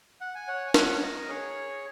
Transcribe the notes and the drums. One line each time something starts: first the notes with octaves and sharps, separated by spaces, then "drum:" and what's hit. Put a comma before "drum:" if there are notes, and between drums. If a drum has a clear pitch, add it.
F#5
G#5
C#5 F#5
G#5
C#5 F#5, drum: snare
A#4 D#5
G#4 C#5